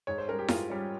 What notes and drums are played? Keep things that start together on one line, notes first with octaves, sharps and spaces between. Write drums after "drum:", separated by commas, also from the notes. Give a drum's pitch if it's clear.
G#2 C#5
C5
G3 C#4 A#4
G4
G#2 F4, drum: snare E4
G3 C#4